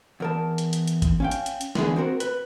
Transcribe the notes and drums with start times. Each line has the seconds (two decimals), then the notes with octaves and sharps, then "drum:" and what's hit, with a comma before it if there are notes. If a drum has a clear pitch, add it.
0.20 E2 A#4 A5
0.58 drum: hi-hat
0.73 drum: hi-hat
0.87 drum: hi-hat
1.02 drum: kick, hi-hat
1.20 C#4 F5 G5
1.31 drum: hi-hat
1.46 drum: hi-hat
1.61 drum: hi-hat
1.75 D3 E3 B3 G#4, drum: snare
1.96 C4 F#4 A#4 C5
2.20 B4, drum: hi-hat